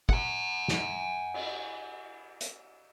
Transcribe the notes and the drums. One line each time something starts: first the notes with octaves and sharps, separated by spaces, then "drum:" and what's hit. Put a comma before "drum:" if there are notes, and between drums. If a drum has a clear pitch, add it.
F#5 G#5, drum: kick
drum: snare
drum: cymbal
drum: hi-hat